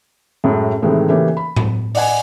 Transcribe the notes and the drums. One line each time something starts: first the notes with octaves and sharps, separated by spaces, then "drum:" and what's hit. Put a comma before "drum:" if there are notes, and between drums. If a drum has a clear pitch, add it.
F#2 A2 G#3 A3
A2 C3 D#3 E3 G#3 A3
C#3 E3 A3 A#3 C#4 G4
B5
drum: tom A2
D5 D#5 F#5 G#5, drum: open hi-hat